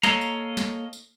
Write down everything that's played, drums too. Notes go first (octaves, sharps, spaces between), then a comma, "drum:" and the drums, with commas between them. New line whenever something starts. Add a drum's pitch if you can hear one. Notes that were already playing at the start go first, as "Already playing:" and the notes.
A#3 A4 C#5 D#5 F5 A#5, drum: snare
drum: tambourine
drum: snare
drum: tambourine